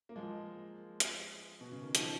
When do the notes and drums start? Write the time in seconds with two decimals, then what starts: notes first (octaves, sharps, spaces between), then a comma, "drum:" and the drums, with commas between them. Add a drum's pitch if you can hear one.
0.09 A#3
0.16 F3 G#3
1.00 drum: hi-hat
1.61 B2
1.72 C#3
1.83 D#3
1.95 F3, drum: hi-hat